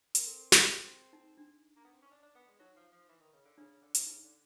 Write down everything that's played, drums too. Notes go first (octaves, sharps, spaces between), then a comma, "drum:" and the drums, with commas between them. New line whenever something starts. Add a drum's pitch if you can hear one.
C4 A#4, drum: hi-hat
A4
G#4, drum: snare
D#4
D4
A#3
B3
C4
C#4
D4
D4
B3
G#3
F#3 D#4
F3
F3
E3
D#3
C#3
D3
C#3 D4
C#3
D3
C3, drum: hi-hat
C#3 D#4
D3